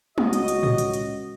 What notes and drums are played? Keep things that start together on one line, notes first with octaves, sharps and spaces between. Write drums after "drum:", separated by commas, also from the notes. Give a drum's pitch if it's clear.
C#2 F#4 D#5, drum: tom
drum: hi-hat
drum: hi-hat
drum: tom
drum: hi-hat
drum: hi-hat